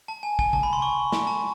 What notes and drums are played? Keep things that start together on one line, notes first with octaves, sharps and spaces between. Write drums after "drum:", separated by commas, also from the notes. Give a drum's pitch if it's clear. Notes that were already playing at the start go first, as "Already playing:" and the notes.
A5
G#5
G#5, drum: kick
A5, drum: tom C3
B5
C6
C#6
drum: snare
A5